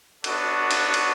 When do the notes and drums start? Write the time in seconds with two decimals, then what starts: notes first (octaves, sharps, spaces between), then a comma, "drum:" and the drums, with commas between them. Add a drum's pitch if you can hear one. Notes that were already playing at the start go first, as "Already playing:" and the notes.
0.24 B3 D4 F#4 A4 C#5, drum: cymbal
0.71 drum: cymbal
0.94 drum: cymbal